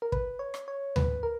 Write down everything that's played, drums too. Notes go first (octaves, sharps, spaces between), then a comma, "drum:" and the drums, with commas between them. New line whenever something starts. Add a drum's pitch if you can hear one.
A#4
B4, drum: kick
C#5
drum: rim click
C#5
B4, drum: tom D2
A#4